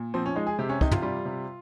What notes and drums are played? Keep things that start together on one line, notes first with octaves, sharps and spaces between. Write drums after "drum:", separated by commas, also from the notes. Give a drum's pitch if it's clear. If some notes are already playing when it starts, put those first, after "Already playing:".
Already playing: A#2
F3 C4
C#4
G#3 D#4
G#4
C3 G4
C#4
C3 D#4, drum: kick
F4, drum: tom
G3 F4
C3